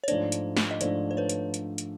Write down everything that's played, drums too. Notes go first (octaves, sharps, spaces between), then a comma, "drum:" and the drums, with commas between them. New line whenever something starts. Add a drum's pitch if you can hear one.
C#5
G#2 F3 A3 D4 C5 D5, drum: hi-hat
drum: hi-hat
drum: snare
D#5
G#2 F3 A3 D4 C5 D5, drum: hi-hat
C5
B4 C#5
drum: hi-hat
drum: hi-hat
drum: hi-hat